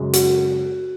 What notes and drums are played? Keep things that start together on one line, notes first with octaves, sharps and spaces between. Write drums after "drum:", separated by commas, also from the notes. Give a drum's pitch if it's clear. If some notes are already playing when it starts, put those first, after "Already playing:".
Already playing: F#2 C#3 G#3
F#4, drum: hi-hat